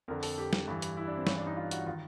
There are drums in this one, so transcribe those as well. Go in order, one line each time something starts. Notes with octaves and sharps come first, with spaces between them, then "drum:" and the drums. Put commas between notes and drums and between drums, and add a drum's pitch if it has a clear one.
F2 D3 A#4
A4, drum: open hi-hat
G4
drum: snare
G2 E3
drum: hi-hat
E4
D4
C4
G2 E3 C#4, drum: snare
D4
D#4
F4
F#4, drum: hi-hat
D#3 F4